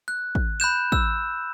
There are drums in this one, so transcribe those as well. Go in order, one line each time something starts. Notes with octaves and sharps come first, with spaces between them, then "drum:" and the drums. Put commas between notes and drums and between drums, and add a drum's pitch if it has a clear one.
F#6
drum: kick
B5 F#6 G6 E7
E6, drum: kick